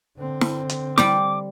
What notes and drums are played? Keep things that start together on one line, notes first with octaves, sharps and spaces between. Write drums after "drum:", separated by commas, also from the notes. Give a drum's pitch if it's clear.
D3 C4
drum: snare
drum: hi-hat
G3 D5 G5 D6, drum: snare